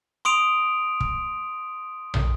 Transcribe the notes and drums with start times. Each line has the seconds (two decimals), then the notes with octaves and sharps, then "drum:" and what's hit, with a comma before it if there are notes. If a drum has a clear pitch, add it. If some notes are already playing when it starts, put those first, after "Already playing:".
0.25 C6 D#6 D7 F7
1.00 drum: kick
2.14 drum: tom